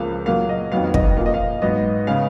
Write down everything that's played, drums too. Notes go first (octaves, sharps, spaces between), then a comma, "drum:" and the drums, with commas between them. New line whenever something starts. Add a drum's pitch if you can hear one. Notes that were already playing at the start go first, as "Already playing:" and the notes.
Already playing: C#2 C#3 F3 A#3 F5
A#2 F#3 A#3 F5
D#5
F2 D#3 F#3 B3 F5
F5
D#5, drum: kick
A#2 F3 A#3 F5
D#5
F5
G#2 F#3 B3 D#5
C#3 G#3 B3 F5